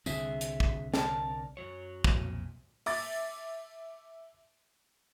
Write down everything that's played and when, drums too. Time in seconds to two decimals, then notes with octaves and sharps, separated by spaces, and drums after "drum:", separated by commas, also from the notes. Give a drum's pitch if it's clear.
0.06 C2 D3 C4 G#4 E5, drum: tambourine
0.41 drum: hi-hat
0.60 drum: kick
0.94 A#4 D5 A5, drum: snare
1.57 F#2 F#3 C#5
2.04 B1 F2 A#2, drum: kick
2.86 E5 D6 A6, drum: open hi-hat